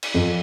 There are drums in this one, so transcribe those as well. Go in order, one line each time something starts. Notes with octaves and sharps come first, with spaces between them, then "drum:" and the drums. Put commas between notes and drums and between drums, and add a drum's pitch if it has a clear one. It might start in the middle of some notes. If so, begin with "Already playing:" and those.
drum: cymbal
F2